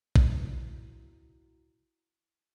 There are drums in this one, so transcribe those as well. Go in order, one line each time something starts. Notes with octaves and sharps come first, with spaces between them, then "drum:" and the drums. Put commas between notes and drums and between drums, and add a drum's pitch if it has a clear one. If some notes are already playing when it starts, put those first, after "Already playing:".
E4 F#4, drum: kick A#1